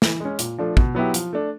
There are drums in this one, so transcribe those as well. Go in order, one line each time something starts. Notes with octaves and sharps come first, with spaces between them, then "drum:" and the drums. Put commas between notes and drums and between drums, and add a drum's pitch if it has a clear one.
E3, drum: snare
G#3 C#4
A#2, drum: hi-hat
F3 A3 D4
B2, drum: kick
F#3 B3 E4 G4
F3, drum: hi-hat
A3 D4